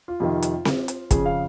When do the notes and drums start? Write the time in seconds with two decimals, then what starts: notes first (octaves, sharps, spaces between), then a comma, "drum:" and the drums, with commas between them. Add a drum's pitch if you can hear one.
0.08 F4
0.20 F2 C3 D#3
0.42 drum: hi-hat
0.65 drum: snare C4
0.88 drum: hi-hat
1.11 F2 C#3 G#4, drum: kick, hi-hat
1.26 F5